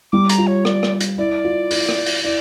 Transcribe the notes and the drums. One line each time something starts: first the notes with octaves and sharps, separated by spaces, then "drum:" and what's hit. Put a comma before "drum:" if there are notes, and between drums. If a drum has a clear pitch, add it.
G3 D6
A#5, drum: hi-hat
F4
C#5
D5, drum: rim click
drum: rim click
drum: hi-hat
E4 D5
F4
E4, drum: open hi-hat
drum: rim click
drum: open hi-hat
E4 D5